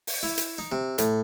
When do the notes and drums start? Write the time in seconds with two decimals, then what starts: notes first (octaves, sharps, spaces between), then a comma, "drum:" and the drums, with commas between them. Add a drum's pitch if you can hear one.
0.07 drum: open hi-hat
0.23 E4
0.38 drum: hi-hat
0.58 D#4
0.72 C3
0.98 A2, drum: hi-hat